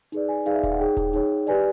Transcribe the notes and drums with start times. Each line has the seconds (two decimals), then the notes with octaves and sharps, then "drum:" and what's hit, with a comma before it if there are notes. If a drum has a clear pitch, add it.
0.12 D#4 G#4 B4 D5, drum: hi-hat
0.29 G#5
0.46 D#4 G#4 B4 D5 F5, drum: hi-hat
0.54 E5
0.63 F5, drum: kick D#1, hi-hat
0.71 F#5
0.79 D#4 G#4 C#5 G5
0.97 drum: kick D#1, hi-hat
1.13 D#4 G#4 C#5, drum: hi-hat
1.47 G4 B4 D5 G#5, drum: hi-hat